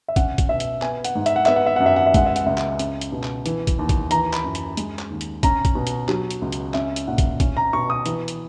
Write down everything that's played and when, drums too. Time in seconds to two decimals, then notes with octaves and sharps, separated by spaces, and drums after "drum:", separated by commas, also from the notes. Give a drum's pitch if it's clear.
0.08 E5
0.16 C#4 F#5, drum: kick, hi-hat
0.38 drum: kick, hi-hat
0.49 B2 E5
0.60 drum: hi-hat
0.82 B3 G#5, drum: clap
1.04 F#5, drum: hi-hat
1.15 G#2
1.26 E5, drum: hi-hat
1.36 F#5
1.46 B3 E5, drum: clap
1.56 F#5
1.66 E5
1.76 F#2 F#5
1.86 E5
1.96 F#5
2.07 E5
2.14 G#3 F#5, drum: kick, hi-hat
2.26 E5
2.36 F#5, drum: hi-hat
2.46 C#2 E5
2.58 drum: clap
2.79 C#4, drum: hi-hat
3.01 drum: hi-hat
3.12 B2
3.23 drum: clap
3.46 E3, drum: hi-hat
3.67 drum: kick, hi-hat
3.79 D#2
3.89 drum: kick, hi-hat
4.11 E3 A#5, drum: hi-hat
4.33 B5, drum: clap
4.44 F#2
4.55 B5, drum: hi-hat
4.77 G#3, drum: hi-hat
4.99 drum: clap
5.10 D#2
5.21 drum: hi-hat
5.43 C#4 A#5, drum: kick, hi-hat
5.65 drum: kick, hi-hat
5.75 B2
5.87 drum: hi-hat
6.09 F#3, drum: clap
6.31 drum: hi-hat
6.42 C#2
6.52 drum: hi-hat
6.74 C#4 E5, drum: clap
6.96 drum: hi-hat
7.08 A#2 F#5
7.18 drum: kick, hi-hat
7.40 C#4, drum: kick, hi-hat
7.57 A#5
7.73 B2 C#6
7.90 D#6
8.06 E3, drum: hi-hat
8.28 drum: hi-hat